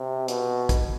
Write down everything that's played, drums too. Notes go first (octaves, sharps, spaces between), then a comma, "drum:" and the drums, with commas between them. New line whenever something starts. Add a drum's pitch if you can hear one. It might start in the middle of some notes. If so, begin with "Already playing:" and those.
Already playing: C3
B2, drum: hi-hat
drum: kick, hi-hat